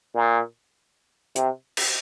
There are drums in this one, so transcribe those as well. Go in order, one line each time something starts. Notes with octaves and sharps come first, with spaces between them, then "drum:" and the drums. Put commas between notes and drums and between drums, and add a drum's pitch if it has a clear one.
A#2
C3, drum: hi-hat
drum: cymbal